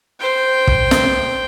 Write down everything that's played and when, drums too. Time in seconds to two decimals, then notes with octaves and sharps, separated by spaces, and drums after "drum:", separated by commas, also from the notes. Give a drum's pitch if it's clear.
0.20 C5 G5
0.67 drum: kick
0.91 drum: snare